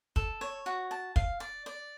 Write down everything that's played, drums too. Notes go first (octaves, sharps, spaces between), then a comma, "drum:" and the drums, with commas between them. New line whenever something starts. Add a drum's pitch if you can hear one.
A4, drum: kick
C#5
F#4
A5
F5, drum: kick
D5
D5